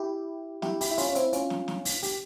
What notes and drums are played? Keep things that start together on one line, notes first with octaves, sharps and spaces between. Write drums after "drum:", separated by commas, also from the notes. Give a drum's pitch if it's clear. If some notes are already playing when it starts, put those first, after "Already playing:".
Already playing: E4 G4
E4 G4, drum: snare
E4 G4, drum: open hi-hat
E4
C#4 F4, drum: open hi-hat
C#4
C4 E4, drum: hi-hat
C#4 F4, drum: hi-hat
drum: snare
drum: snare
drum: open hi-hat
G4, drum: open hi-hat